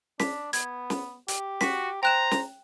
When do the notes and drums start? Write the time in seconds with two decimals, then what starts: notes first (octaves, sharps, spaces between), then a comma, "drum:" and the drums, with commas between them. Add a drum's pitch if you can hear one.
0.20 D4 B6, drum: snare
0.53 B3 G#6, drum: hi-hat
0.90 drum: snare
1.28 G4, drum: hi-hat
1.61 F#4 B6, drum: snare
2.03 C5 G5 A#5 F#6 E7
2.31 drum: snare